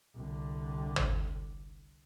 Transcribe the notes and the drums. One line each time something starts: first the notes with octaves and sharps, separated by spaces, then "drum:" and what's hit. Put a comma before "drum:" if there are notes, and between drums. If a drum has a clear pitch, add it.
C2 D3
drum: tom G#1